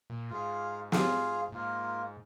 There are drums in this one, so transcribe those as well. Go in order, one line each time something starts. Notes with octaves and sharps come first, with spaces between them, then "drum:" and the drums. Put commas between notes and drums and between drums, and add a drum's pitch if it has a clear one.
A#2
G#2 F4 G#4 F5
F4 G#4 F5, drum: snare
G#2 A#3 F4 A#4